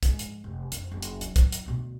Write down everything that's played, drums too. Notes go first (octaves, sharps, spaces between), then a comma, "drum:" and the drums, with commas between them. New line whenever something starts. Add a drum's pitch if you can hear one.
G#2 F3, drum: kick, hi-hat
drum: hi-hat
F1
F2, drum: hi-hat
F#1
drum: hi-hat
F#3, drum: hi-hat
drum: kick, hi-hat
drum: hi-hat
D2 B2